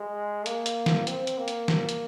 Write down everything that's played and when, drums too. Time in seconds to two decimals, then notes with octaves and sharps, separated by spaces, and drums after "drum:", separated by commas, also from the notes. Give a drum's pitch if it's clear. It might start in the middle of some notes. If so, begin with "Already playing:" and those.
Already playing: G#3
0.46 A#3, drum: hi-hat
0.66 drum: hi-hat
0.86 drum: snare
1.07 C4, drum: hi-hat
1.27 drum: hi-hat
1.38 A#3
1.48 drum: hi-hat
1.68 drum: snare
1.89 drum: hi-hat